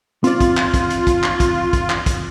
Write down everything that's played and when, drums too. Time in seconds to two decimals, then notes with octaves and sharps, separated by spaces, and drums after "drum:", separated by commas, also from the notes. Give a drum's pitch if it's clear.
0.24 C4 F4 D5, drum: hi-hat
0.41 drum: kick, hi-hat
0.57 drum: clap
0.74 drum: kick, hi-hat
0.90 drum: hi-hat
1.07 drum: kick, hi-hat
1.23 drum: clap
1.40 drum: kick, hi-hat
1.73 drum: kick, hi-hat
1.90 drum: clap
2.06 drum: kick, hi-hat